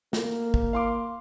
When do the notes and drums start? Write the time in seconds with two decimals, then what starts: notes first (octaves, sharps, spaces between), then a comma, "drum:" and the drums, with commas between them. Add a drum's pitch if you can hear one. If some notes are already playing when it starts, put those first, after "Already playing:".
0.13 A#3, drum: snare
0.54 drum: kick
0.73 F5 C6 D6